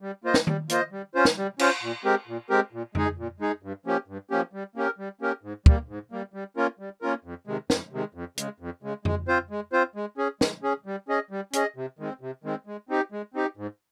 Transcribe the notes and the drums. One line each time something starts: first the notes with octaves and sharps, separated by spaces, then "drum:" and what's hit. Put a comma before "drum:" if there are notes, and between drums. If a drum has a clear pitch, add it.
G3
A#3 F4 C5 D#5
drum: snare
G3, drum: tom D#3
A#3 F4 C5 D#5, drum: hi-hat
G3
C#4 F4 C5
drum: snare
G3
C#4 F4 C5, drum: cymbal
A#2
G#3 C4 G4 A#4
A#2
G#3 C4 G4 A#4
A#2
G#3 D#4 G#4, drum: tom F2
A#2
G#3 D#4 G#4
G2
F3 A#3 C#4 G4
G2
F3 A#3 C#4 G4
G3
A#3 C#4 G4 A#4
G3
A#3 C#4 G4 A#4
G#2
G3 A#3, drum: kick
G#2
G3 A#3
G3
A#3 C#4 F4 A#4
G3
A#3 C#4 F4 A#4
F2
C3 D#3 G#3
F2, drum: snare
C3 D#3 G#3
F2
C#3 G#3, drum: hi-hat
F2
C#3 G#3
G#3, drum: tom F2
C4 F4 C5
G#3
C4 F4 C5
G#3
C#4 G#4
G#3, drum: snare
C#4 G#4
G3
C#4 G#4 D#5
G3
C#4 G#4 D#5, drum: hi-hat
C3
D#3 G#3 C4
C3
D#3 G#3 C4
G#3
C4 D#4 G4
G#3
C4 D#4 G4
G#2